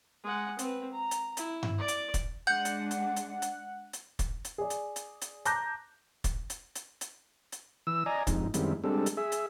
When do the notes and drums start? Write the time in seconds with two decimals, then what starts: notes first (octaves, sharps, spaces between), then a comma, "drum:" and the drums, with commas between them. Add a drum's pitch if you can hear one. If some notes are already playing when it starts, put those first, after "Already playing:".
0.24 G#3 F#5
0.59 C4 B4, drum: hi-hat
0.93 A#5
1.11 drum: hi-hat
1.37 E4, drum: hi-hat
1.63 drum: tom G2
1.79 D5 D6
1.88 drum: hi-hat
2.14 drum: kick, hi-hat
2.47 G#3 D4 F#5 G6
2.65 drum: hi-hat
2.91 drum: hi-hat
3.16 drum: hi-hat
3.42 drum: hi-hat
3.93 drum: hi-hat
4.19 drum: kick, hi-hat
4.45 drum: hi-hat
4.58 G#4 D5
4.70 drum: hi-hat
4.96 drum: hi-hat
5.22 drum: hi-hat
5.45 A5 A#5 D6 F#6 G6 A#6, drum: hi-hat
6.24 drum: kick, hi-hat
6.50 drum: hi-hat
6.75 drum: hi-hat
7.01 drum: hi-hat
7.52 drum: hi-hat
7.87 E3 E6
8.06 D5 D#5 G#5 A#5
8.27 F2 G#2 D#4, drum: kick, hi-hat
8.54 F#2 D#3 G3 G#3 C4 E4, drum: hi-hat
8.84 G3 G#3 C4 D4 A4
9.06 drum: hi-hat
9.17 G#4 E5
9.32 drum: hi-hat